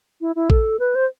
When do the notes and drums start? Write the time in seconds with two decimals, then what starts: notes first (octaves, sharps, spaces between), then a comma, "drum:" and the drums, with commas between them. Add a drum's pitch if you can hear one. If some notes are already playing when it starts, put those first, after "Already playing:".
0.21 E4
0.36 E4
0.50 A4, drum: kick A#1
0.79 B4
0.95 C5